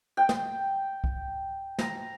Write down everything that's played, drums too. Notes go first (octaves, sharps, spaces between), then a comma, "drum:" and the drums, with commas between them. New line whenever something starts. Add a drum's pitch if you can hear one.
G5
drum: snare
drum: kick
A#5, drum: snare